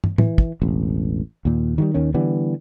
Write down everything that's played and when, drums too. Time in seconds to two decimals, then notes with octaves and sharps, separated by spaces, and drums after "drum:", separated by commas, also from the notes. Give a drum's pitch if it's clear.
0.04 drum: tom
0.18 E3, drum: tom
0.38 drum: kick
0.62 E1 A1
1.45 D#2 A#2
1.78 D#3 F#3 G3
1.94 D#2 D#3 C#4
2.14 D3 E3 G3 B3